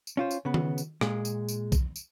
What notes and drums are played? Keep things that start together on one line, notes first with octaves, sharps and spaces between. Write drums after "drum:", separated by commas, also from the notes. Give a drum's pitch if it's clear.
drum: tambourine
C#4 F4 C5
drum: tambourine
C#3 B3
drum: tom D#3
drum: tambourine
A#2 G#3, drum: rim click
drum: tambourine
drum: tambourine
drum: kick B1, tambourine
drum: tambourine